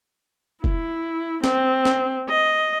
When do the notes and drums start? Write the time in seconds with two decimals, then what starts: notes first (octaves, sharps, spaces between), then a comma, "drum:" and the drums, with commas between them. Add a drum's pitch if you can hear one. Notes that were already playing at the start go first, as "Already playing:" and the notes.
0.64 E4, drum: kick
1.44 C4, drum: snare
1.85 drum: snare
2.29 D#5